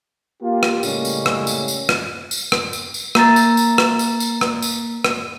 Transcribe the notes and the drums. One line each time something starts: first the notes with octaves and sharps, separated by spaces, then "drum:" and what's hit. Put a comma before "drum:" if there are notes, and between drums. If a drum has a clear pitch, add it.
A#3 F4 G4
drum: rim click
A2 C#3 G3 G#3 A#3 C#4, drum: tambourine
drum: tambourine
drum: rim click
drum: tambourine
drum: tambourine
drum: rim click
drum: tambourine
drum: rim click
drum: tambourine
drum: tambourine
A#3 A#5 A6, drum: rim click
drum: tambourine
drum: tambourine
drum: rim click
drum: tambourine
drum: tambourine
drum: rim click
drum: tambourine
drum: rim click